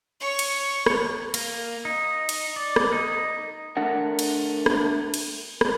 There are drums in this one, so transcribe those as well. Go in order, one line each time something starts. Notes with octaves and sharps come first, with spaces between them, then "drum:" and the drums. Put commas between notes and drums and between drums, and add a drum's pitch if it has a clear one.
C#5 C#6
drum: cymbal
drum: rim click
A#3, drum: cymbal
D#4
drum: cymbal
D5
drum: rim click
D#4
A3 D4 A#4 F#5
drum: cymbal
drum: rim click
drum: cymbal
drum: rim click